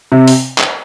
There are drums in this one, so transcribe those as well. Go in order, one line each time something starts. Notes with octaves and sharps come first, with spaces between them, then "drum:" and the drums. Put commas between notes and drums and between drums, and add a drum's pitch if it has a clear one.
C3
drum: open hi-hat
drum: clap